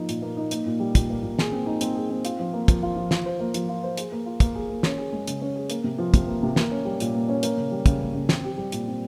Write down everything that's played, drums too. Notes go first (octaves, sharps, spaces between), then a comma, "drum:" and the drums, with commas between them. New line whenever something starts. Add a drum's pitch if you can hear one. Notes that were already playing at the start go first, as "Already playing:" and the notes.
Already playing: F3 A#3 D#4
A#2, drum: hi-hat
A#3
D#4
A#3, drum: hi-hat
A#2
G3
A#2, drum: kick, hi-hat
A#3
A#2
G#4, drum: snare
C4
D#4
C4, drum: hi-hat
G#4
C4
F4, drum: hi-hat
F3
A#3
F3, drum: kick, hi-hat
F4
F3
F4, drum: snare
C5
A#3
F3, drum: hi-hat
F4
C5
G#4, drum: hi-hat
A#3
F4
A#3, drum: kick, hi-hat
G#4
A#3
C#4, drum: snare
G#4
G#3
C#3, drum: hi-hat
C#4
G#4
A#3, drum: hi-hat
C3
F3
C3, drum: kick, hi-hat
A#3
C3
A#3, drum: snare
C#4
G3
A#2, drum: hi-hat
A#3
C#4
A#3, drum: hi-hat
C#3
G3
C#3, drum: kick, hi-hat
A#3
C#3
C4, drum: snare
G4
G3
A#2, drum: hi-hat
C4